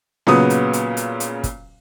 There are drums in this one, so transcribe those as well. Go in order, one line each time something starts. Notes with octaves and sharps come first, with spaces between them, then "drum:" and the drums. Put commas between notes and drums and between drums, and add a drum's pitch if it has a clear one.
A#2 C#3 F#3 B3 D#6, drum: snare B3
drum: hi-hat
drum: hi-hat
drum: hi-hat
drum: hi-hat
drum: kick, hi-hat